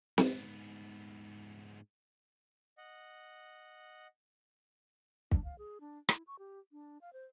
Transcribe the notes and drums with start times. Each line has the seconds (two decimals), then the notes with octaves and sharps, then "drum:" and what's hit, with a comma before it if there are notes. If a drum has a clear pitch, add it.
0.18 G#2 B3, drum: snare
2.78 D#5 F#5
5.31 D4, drum: kick
5.44 F5
5.58 G#4
5.81 D4
6.09 E4, drum: rim click
6.27 C#6
6.39 G4
6.72 D4
7.01 F5
7.13 C5